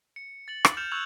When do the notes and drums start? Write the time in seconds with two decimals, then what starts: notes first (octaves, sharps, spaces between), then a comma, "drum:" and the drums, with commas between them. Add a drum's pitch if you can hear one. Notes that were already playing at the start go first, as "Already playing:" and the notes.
0.16 C#7
0.48 A6 F#7
0.65 drum: rim click
0.77 F6 G6 C#7 E7 F7
0.91 C#6 E6 F#6 G#6 F7 F#7